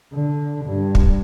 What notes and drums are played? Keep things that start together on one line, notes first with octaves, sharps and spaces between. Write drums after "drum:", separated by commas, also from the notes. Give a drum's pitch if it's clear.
D3
G2
drum: kick